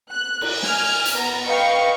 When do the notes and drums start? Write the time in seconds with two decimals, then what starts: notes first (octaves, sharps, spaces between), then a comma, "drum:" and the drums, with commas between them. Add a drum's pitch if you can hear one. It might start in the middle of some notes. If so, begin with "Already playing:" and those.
0.12 F#6
0.41 drum: cymbal
0.63 G#5 F6, drum: snare
1.05 drum: hi-hat
1.16 B3 A#5
1.47 B4 D#5 F5 G5 C#6